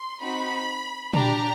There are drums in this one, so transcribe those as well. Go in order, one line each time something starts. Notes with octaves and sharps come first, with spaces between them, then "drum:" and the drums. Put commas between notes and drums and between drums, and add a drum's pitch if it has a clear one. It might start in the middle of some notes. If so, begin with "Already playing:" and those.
Already playing: C6
C4 D#4 F#4 B5
D4 G4 A#5, drum: tom